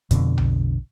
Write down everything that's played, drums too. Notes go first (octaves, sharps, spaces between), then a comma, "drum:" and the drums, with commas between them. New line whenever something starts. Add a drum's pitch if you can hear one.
F2 B2 D3, drum: kick, hi-hat
drum: tom B1